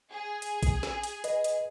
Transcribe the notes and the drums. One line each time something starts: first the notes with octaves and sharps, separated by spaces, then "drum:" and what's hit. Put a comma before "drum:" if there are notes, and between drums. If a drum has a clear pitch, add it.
G#4
drum: hi-hat
drum: kick A1, hi-hat
drum: snare
drum: hi-hat
B4 D#5, drum: hi-hat
drum: hi-hat